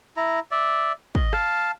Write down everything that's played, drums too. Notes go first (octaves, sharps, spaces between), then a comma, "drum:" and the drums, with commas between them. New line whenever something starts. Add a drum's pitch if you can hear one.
E4 A#5
D5 E5
D#5, drum: kick
F5 A5, drum: rim click